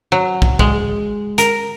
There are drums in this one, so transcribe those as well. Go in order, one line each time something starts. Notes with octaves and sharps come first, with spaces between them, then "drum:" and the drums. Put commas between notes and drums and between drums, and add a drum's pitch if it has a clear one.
F#3
drum: kick
G#3, drum: kick
A#4, drum: hi-hat